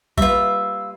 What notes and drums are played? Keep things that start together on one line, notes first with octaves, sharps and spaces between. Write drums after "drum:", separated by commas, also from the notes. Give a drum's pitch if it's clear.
G3 A#3 F4 B4 E5, drum: kick